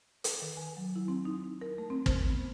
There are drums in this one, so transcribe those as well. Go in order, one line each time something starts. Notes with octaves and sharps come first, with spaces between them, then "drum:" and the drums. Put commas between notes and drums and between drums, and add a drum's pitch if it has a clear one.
B4, drum: hi-hat
D#3
G#5
F#3
E4
C4
D#4
A#4
A3
C4
C5, drum: kick
B3